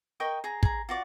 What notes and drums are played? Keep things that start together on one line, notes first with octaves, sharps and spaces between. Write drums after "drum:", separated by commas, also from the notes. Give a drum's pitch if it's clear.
A#4 D#5 G5 C#6
G#4 A#5
G#4 A#5, drum: kick
F4 F#4 D5